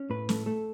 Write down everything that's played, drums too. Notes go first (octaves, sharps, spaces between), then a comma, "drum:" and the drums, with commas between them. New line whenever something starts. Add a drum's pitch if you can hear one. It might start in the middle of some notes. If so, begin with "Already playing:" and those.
Already playing: C#4
A2 B4
A3, drum: snare
A3 A4